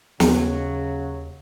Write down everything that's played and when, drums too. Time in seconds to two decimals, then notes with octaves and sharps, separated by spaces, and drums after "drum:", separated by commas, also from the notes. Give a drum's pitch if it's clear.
0.20 D#2 C#3 F#3, drum: snare